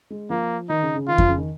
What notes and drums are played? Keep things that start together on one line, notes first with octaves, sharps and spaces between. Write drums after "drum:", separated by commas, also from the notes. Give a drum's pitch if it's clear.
G#3
F3 A#3
D#3 D#4
C#3
C#3
D#3 F4
F3, drum: kick F2
C#3
D#3